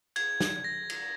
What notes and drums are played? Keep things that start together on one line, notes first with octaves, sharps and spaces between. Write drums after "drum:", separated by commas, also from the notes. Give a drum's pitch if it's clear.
G#6, drum: cymbal
drum: snare
A#6
drum: cymbal